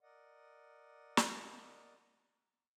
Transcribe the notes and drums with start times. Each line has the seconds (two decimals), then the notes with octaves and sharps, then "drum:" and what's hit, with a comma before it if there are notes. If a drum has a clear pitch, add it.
0.01 A#4 D5 D#5 F#5
1.17 drum: snare